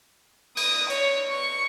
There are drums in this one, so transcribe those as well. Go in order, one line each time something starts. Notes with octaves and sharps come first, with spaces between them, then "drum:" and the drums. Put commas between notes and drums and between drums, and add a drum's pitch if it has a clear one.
D#6, drum: cymbal
C#5, drum: hi-hat
C#6